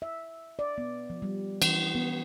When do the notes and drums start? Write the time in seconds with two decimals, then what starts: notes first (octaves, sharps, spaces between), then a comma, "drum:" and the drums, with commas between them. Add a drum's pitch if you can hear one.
0.02 E5
0.59 D5
0.78 B3
1.10 F3
1.22 G3
1.62 E3, drum: cymbal
1.95 B3